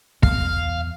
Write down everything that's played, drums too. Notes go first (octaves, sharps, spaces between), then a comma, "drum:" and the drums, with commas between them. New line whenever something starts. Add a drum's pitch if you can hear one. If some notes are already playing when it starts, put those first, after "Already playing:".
E2 F5, drum: kick